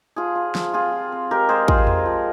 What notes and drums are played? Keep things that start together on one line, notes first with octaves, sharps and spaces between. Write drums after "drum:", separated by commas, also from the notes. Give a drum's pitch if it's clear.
F3 F4 G#4
F4
F3, drum: snare
C4 F4 G#4
F4
C4
G#3 G4 A#4
G#3 G#4 C5
C4 F4 G#4, drum: kick
C4, drum: tom E2
F3